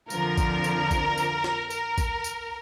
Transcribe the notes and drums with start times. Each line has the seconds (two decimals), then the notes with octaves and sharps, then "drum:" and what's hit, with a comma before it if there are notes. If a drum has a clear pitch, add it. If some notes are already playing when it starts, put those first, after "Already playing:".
0.10 F2 D3 F3 A#4, drum: tambourine
0.38 drum: kick A1, tambourine
0.64 drum: tambourine
0.91 drum: kick A1, tambourine
1.18 drum: tambourine
1.44 drum: snare
1.70 A#4, drum: tambourine
1.98 drum: kick A1, tambourine
2.24 drum: tambourine